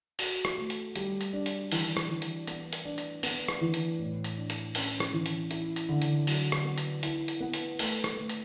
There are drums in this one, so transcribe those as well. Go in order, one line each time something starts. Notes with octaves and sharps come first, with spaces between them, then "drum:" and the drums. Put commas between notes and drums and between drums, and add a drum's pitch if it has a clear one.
F#4, drum: open hi-hat
drum: rim click
A3
drum: hi-hat
G3, drum: hi-hat
drum: hi-hat
D4
drum: hi-hat
E3, drum: open hi-hat
drum: rim click
E3
drum: hi-hat
B3, drum: hi-hat
drum: hi-hat
D4
drum: hi-hat
B3, drum: open hi-hat
drum: rim click
E3
drum: hi-hat
A2
drum: hi-hat
D4
drum: hi-hat
C#4, drum: open hi-hat
drum: rim click
E3
drum: hi-hat
E4, drum: hi-hat
drum: hi-hat
D3
drum: hi-hat
F#3, drum: open hi-hat
drum: rim click
B3
drum: hi-hat
E4, drum: hi-hat
drum: hi-hat
B3
drum: hi-hat
A3, drum: open hi-hat
drum: rim click
A3
drum: hi-hat